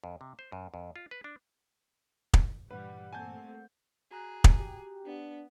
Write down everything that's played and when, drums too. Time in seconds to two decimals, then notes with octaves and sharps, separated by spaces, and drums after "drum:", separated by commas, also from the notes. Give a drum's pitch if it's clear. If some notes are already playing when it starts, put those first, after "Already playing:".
0.04 F2
0.21 C3
0.39 C5
0.52 F#2
0.74 F2
0.96 F4
1.11 B4
1.24 D4
2.34 drum: kick
2.70 G2 A#2 E3 G3 B4 F#5
3.13 A3 A#3 C4 G#5 A5 G6
4.11 F#4 G#4 A#5 F#6
4.44 drum: kick
4.59 G4
5.06 B3 D4